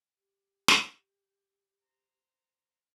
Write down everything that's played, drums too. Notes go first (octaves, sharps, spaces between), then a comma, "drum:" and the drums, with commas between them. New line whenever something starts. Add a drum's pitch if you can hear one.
G4
drum: snare
C5 A#5